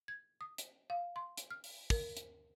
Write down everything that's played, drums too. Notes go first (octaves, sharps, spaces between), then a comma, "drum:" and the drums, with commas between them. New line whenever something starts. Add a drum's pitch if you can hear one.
G#6
D#6
drum: hi-hat
F5
C6
drum: hi-hat
F6
drum: open hi-hat
A#4, drum: kick, open hi-hat
drum: hi-hat